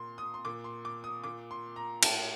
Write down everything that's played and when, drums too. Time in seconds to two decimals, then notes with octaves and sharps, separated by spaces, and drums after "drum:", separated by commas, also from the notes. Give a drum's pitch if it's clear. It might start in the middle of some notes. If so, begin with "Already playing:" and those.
Already playing: A#2 C6
0.18 D#6
0.34 C6
0.45 A#2 D6
0.64 C6
0.85 D6
1.04 D#6
1.24 A#2 D6
1.51 C6
1.76 A#5
2.03 A2 A5, drum: cymbal